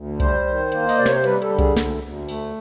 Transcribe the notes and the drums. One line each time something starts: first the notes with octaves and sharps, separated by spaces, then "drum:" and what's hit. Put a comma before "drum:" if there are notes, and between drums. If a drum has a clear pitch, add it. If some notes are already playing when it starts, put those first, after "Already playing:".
Already playing: D2
G3 C5, drum: kick C2, hi-hat
D#3
A#3, drum: hi-hat
D#5, drum: open hi-hat
C3 D5
C#5, drum: snare
C5
G3 B4, drum: hi-hat
A4, drum: hi-hat
D3
G#4, drum: kick C2, hi-hat
D2, drum: snare
D2
A3, drum: open hi-hat